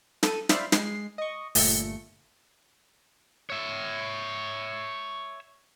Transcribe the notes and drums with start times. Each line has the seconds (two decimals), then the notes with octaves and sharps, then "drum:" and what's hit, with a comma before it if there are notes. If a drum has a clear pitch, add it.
0.23 A4 D#7, drum: snare
0.49 C5 D5 E5 F5 B5, drum: snare
0.72 G#3 C7, drum: snare
1.18 D#5 C#6
1.55 G1 A#2 A3 C#7, drum: open hi-hat
3.50 C#5 E5